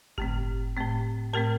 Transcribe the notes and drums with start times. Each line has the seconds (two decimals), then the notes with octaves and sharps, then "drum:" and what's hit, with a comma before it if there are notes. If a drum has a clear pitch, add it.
0.18 A2 A3 C4 G4, drum: kick G1
0.77 A2 A3 C4
1.34 A2 A3 C4 G4 A#4